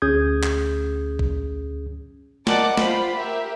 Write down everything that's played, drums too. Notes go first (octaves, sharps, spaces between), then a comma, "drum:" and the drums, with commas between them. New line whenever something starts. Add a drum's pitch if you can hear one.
D2 C#4 G#4 D#6 G6 G#6
drum: clap
drum: kick
A#4 D5 D#5 F#5 A5 D6, drum: snare
F4 C5 B5, drum: snare
G4 A#4 E5